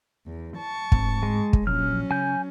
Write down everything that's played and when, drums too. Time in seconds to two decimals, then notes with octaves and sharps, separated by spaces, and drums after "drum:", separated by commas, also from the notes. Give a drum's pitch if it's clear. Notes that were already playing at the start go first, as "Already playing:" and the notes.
0.27 E2
0.57 A5 C#6
0.92 D2 G#2 C4, drum: kick
1.23 G#3
1.53 drum: kick
1.67 A#1 F3 F#3 C#4 F6
2.11 C#3 G#5 G6